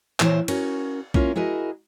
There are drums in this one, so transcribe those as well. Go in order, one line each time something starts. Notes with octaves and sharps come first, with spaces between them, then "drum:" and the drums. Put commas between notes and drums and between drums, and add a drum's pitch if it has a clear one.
A#2 E3 E4 F4 C5 C#5, drum: clap
C#4 F#4 A#4, drum: cymbal
A#3 C#4 E4 F4 A#4, drum: kick
E4 F#4 G#4 A#4 D#5